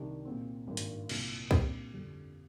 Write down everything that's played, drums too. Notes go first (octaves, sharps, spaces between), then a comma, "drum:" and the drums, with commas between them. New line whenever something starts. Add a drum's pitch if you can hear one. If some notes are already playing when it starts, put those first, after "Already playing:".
Already playing: C2 C3 D#3 G3 D4
A#2 G#3 C4
G#1 G2 D#3 A#3
drum: hi-hat
C2 A#2 F3, drum: cymbal
A#1 A#2 G3 C4, drum: kick
G1 F2 D3 G3